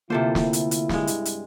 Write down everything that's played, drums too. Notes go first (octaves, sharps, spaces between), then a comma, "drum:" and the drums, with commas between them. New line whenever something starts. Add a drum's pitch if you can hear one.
D2 C3 A#3 E4 F4 A4 C5
drum: snare
drum: hi-hat
drum: hi-hat
G2 G#3, drum: snare
drum: hi-hat
drum: hi-hat